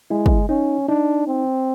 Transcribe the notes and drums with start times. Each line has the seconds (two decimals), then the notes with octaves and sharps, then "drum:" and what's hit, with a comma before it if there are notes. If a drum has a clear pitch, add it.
0.10 G#3 E4
0.26 drum: kick
0.49 C#4 D#4
0.89 D4 D#4
1.27 C4